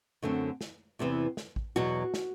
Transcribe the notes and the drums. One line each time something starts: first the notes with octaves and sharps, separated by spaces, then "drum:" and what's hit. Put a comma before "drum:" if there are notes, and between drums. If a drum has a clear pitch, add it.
F#2 D3 A3 C4
drum: snare
E2 C3 E3 B3
drum: snare
drum: kick A1
E2 B2 F#3 F#4
drum: snare